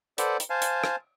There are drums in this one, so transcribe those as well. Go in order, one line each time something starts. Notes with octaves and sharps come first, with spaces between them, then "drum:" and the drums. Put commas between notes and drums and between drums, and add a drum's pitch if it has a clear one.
A4 B4 C5 D5 F#5, drum: hi-hat
drum: hi-hat
C5 F5 G#5 A5
drum: hi-hat
drum: rim click